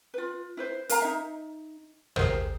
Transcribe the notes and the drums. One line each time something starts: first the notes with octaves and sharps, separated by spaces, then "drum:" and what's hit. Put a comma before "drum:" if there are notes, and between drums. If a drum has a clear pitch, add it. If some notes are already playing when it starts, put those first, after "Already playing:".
F4 B4
E4 B4 C5
A#4 F5 A#5, drum: hi-hat
D#4 E5
G4 G#4 A#4 C5, drum: tom